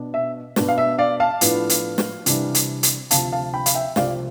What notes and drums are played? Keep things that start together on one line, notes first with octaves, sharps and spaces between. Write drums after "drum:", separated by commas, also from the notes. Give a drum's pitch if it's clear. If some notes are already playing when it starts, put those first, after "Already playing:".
Already playing: B2 B3 D4
E5
B2 B3 D4, drum: snare
F5
E5
D5 F5
F5 A5
A2 F3 B3 D4, drum: hi-hat
drum: hi-hat
drum: snare
C3 E3 G3 D4, drum: hi-hat
drum: hi-hat
drum: hi-hat
D2 C3 F3 C4 F5 A5, drum: hi-hat
F5 A5
G5 B5
F5, drum: hi-hat
E5 G5
C2 C3 F3 C4 D5 F5, drum: snare